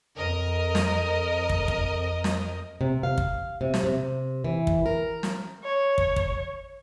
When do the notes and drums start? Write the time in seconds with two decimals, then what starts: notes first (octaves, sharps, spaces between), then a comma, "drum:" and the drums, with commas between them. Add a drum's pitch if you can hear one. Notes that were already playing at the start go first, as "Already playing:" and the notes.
0.15 F2 A#4 D#5
0.75 drum: snare
1.49 drum: kick
1.68 drum: kick
2.24 drum: snare
2.81 C3
3.03 F5
3.18 drum: kick
3.61 C3
3.74 drum: snare
3.84 C3
4.44 E3
4.67 drum: kick
4.86 A#4
5.23 drum: snare
5.64 C#5
5.98 drum: kick
6.16 drum: kick